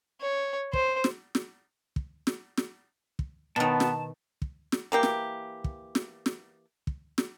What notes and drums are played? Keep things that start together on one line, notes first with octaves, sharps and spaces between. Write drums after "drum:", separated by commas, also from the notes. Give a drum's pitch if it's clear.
C#5
C5, drum: kick
drum: snare
drum: snare
drum: kick
drum: snare
drum: snare
drum: kick
B2 D#3 B3 A5
drum: snare
drum: kick
drum: snare
E3 A#3 G4
drum: snare
drum: kick
drum: snare
drum: snare
drum: kick
drum: snare